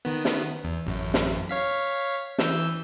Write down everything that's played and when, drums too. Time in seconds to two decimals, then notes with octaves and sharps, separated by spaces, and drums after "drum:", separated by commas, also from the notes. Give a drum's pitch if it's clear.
0.05 D#3 B3
0.25 drum: snare
0.64 E2
0.87 A1 F#2
1.14 drum: snare
1.49 C#5 F5 B6
2.38 E3 E6 G6, drum: snare